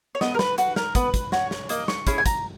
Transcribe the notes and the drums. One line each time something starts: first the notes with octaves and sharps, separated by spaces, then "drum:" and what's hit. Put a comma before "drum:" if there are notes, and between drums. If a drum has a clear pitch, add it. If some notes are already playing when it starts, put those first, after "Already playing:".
C#5
B3 D#5, drum: snare
A#4
B4, drum: snare
F#4 B4, drum: hi-hat
A#4, drum: snare
B3 B4, drum: kick, hi-hat
drum: kick, hi-hat
F#4 C#5, drum: snare
drum: snare
A#3 D#5, drum: hi-hat
C#6, drum: snare
C#4 E4 G#4, drum: kick, hi-hat
G#5
A#5, drum: kick, hi-hat